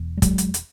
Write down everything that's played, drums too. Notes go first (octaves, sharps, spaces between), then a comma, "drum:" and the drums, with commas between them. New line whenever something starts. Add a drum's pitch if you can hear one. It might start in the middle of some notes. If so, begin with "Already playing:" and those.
Already playing: E1 E2
G3
F#3 G#3, drum: kick, hi-hat
drum: hi-hat
drum: hi-hat